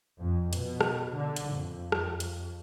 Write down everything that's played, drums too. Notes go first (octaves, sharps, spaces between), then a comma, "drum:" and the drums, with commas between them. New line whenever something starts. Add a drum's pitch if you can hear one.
F2
B2, drum: hi-hat
drum: rim click
D3
drum: hi-hat
F2
drum: rim click
drum: hi-hat